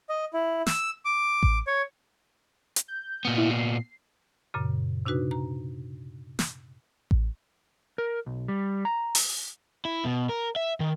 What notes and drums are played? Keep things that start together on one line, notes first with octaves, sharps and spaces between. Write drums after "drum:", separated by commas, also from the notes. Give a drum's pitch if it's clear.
D#5
E4
E6, drum: snare
D6
drum: kick A1
C#5
drum: hi-hat
G6
A#2 B3
E4
C7
F#2 A#2 C#3
C3 D4 D#4 F#4 B4
A#5
drum: snare
drum: kick A1
A#4
B1
G3
A#5
drum: open hi-hat
E4
B2
A#4
E5
D#3